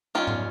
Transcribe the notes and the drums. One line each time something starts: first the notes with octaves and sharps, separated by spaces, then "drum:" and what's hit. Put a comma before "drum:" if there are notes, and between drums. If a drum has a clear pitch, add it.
D#3 G3 C#4 F4
drum: tom G#2